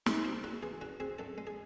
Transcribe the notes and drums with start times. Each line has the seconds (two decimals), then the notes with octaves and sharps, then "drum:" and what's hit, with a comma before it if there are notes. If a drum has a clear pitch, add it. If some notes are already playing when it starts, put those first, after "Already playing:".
0.06 C#3, drum: snare
0.25 C4 F#4
0.44 C#3 F#4
0.63 E3 G#4
0.81 C#3 F#4
1.00 C4 G#4
1.19 F#2 A4
1.38 G#3
1.47 G#4